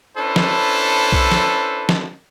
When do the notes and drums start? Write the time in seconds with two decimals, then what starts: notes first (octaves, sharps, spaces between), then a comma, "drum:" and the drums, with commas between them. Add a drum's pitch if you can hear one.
0.17 C#4 D4 E4 A4 B4 C5
0.36 drum: snare
1.12 drum: kick B1
1.32 drum: snare
1.89 drum: snare